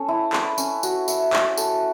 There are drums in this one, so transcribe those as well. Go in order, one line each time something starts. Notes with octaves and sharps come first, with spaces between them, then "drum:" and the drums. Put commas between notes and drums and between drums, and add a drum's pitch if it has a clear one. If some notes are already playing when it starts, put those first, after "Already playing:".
Already playing: C#4 A4
E4
B4, drum: clap
C#4, drum: tambourine
F#4, drum: tambourine
E5, drum: tambourine
F#4, drum: clap
A4, drum: tambourine